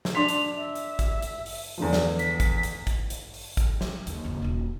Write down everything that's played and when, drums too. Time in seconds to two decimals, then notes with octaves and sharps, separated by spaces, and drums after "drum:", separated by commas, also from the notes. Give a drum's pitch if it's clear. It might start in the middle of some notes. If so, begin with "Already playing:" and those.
0.05 drum: snare
0.15 D4 C6 B6 F7
0.28 drum: hi-hat
0.57 E5
0.75 drum: hi-hat
0.99 drum: kick A1, hi-hat
1.22 drum: hi-hat
1.46 drum: open hi-hat
1.78 E2 D3 F3
1.93 drum: snare
2.19 B6, drum: hi-hat
2.40 drum: kick A1, hi-hat
2.63 drum: hi-hat
2.87 drum: kick A1, hi-hat
3.10 drum: hi-hat
3.34 drum: open hi-hat
3.57 drum: kick A1, hi-hat
3.81 G3, drum: snare
4.07 D#2, drum: hi-hat
4.24 F#1 D#2
4.42 D#1 B1